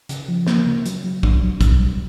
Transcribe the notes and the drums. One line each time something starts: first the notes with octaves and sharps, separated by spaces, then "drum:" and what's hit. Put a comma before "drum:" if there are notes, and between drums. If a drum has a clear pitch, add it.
C#3, drum: hi-hat
F3
A#3, drum: snare
C#3
F#3, drum: hi-hat
F#3
D4, drum: kick A#1
F#3
B2, drum: kick A#1, hi-hat
G3